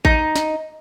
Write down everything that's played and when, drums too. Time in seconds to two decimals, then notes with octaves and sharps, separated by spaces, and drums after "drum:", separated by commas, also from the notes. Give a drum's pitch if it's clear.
0.05 D#4, drum: kick A1
0.36 drum: snare